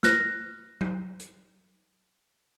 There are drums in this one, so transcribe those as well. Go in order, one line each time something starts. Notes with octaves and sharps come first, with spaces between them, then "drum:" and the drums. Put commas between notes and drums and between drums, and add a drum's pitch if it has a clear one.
F6 F#6 A#6, drum: snare
drum: tom F#3
drum: hi-hat